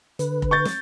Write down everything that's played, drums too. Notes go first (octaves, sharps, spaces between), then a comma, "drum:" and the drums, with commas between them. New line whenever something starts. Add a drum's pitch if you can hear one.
D3 B4, drum: hi-hat
drum: kick F1
C#6 G6 A6
drum: snare